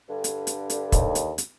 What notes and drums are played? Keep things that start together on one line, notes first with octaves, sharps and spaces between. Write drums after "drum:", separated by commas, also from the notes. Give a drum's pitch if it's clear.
G2 D3
drum: hi-hat
drum: hi-hat
drum: hi-hat
D#2, drum: kick, hi-hat
drum: hi-hat
drum: hi-hat